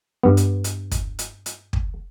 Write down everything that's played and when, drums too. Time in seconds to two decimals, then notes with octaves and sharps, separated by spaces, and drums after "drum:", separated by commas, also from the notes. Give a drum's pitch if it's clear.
0.23 G2 B3
0.37 drum: hi-hat
0.64 drum: hi-hat
0.91 drum: kick, hi-hat
1.19 drum: hi-hat
1.46 drum: hi-hat
1.73 drum: kick